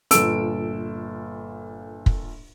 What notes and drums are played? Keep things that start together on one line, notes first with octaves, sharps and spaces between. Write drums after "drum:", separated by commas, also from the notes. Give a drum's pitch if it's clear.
G1 A#2 A4 E6 D7, drum: hi-hat
drum: kick